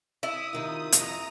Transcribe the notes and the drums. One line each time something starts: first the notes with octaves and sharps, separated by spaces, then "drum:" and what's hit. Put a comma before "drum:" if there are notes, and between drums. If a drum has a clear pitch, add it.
E4 D#6
C3 D#3 F4
F2 A#5 D#6, drum: hi-hat